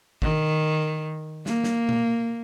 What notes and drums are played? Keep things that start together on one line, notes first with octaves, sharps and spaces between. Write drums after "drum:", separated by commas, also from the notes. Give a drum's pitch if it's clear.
D#3, drum: kick
A#3, drum: snare
drum: snare
drum: tom A#2